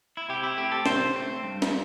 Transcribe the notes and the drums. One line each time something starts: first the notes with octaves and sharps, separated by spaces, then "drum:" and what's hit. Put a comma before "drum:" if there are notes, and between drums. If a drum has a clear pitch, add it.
E4
C3 G4
E4
A3 C4 G4
A4
C3 C5, drum: snare
A3 C4
G2
drum: snare